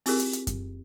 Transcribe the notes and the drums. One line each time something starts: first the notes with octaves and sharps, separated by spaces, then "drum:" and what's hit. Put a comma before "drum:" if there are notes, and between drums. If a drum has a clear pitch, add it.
C4 E4 F4 G4 G#4 A#4, drum: open hi-hat
drum: hi-hat
drum: hi-hat
drum: kick F#2, hi-hat